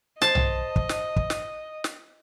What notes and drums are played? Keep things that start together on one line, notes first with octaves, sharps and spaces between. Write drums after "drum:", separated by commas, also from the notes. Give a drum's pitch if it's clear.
C5 D#5 A5, drum: snare
drum: tom B1
drum: kick
drum: snare
drum: kick
drum: snare
drum: snare